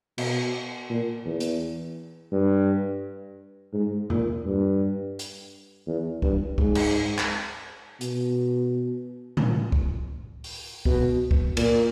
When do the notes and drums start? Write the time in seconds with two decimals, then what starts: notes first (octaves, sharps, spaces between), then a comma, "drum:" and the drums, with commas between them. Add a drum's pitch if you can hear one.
0.18 B2, drum: cymbal
0.89 A#2
1.25 E2
1.40 drum: hi-hat
2.32 G2
3.73 G#2
4.10 A#2, drum: tom E2
4.46 G2
5.19 drum: hi-hat
5.87 E2
6.22 G2, drum: kick
6.58 G#2, drum: kick
6.75 drum: cymbal
7.18 drum: clap
8.01 B2, drum: hi-hat
9.37 drum: tom
9.72 drum: kick
10.44 drum: open hi-hat
10.85 B2, drum: kick
11.31 drum: kick
11.57 A#2, drum: cymbal